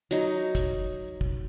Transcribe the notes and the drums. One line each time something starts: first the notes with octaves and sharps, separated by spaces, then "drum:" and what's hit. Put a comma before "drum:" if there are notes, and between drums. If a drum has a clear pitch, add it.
F#3 D#4, drum: hi-hat
drum: kick, hi-hat
drum: kick